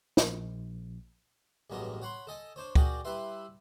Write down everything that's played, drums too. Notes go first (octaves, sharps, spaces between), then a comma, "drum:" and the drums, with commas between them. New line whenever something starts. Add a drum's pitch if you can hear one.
A#1, drum: snare
A1 E2 G2 F#3 G#3 A#4
C#5 F#5 B5 C6
A4 D#5 G#5
D4 C5 C#5
F#4 G#4 A#4 D5 F#5 G5, drum: kick
G3 E4 B4 E5 C6